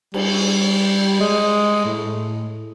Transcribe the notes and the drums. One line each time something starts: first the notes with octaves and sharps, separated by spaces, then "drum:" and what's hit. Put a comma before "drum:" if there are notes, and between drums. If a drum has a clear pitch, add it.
G3, drum: cymbal
G#3
A2